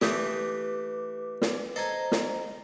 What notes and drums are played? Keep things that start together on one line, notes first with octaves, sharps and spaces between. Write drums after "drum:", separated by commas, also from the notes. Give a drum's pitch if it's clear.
E3 A3 G4 B4 D6 D#6 G6, drum: snare
drum: snare
A4 C5 D#5 G#5 A#5
drum: snare